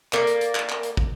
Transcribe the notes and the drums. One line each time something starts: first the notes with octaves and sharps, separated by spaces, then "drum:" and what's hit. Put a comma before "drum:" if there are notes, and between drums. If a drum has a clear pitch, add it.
A#3 D5, drum: clap
drum: hi-hat
drum: hi-hat
drum: clap
drum: clap
drum: hi-hat
drum: kick